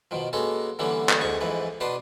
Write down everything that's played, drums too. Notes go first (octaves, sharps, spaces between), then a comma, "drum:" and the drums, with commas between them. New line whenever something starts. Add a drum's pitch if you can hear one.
B2 D#3 F3
G#3 A#3 B3 C#4 F#4 A4
D3 E3 G3 A#3 B3 C#4
drum: clap
D2 G#2 C#6
F2 G#2 E3 B4
B2 D4 B4 A5 C6 D#6